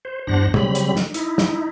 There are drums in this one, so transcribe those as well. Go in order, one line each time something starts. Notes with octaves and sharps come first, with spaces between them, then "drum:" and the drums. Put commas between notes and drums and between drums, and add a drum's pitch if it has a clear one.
C5
E2 G2 D4 C5 F#5 A#6
C#3 F#3 G3 C4 B5, drum: tom
drum: hi-hat
drum: snare
D#4 E4, drum: hi-hat
drum: snare